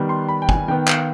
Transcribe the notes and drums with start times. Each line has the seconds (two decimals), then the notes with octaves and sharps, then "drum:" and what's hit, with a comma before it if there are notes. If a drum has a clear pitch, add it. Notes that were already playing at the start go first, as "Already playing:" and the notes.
Already playing: D#3 G3 B3
0.09 C6
0.28 B5
0.42 G5
0.49 G#5, drum: kick
0.68 D#3 B3 G5
0.88 F5, drum: clap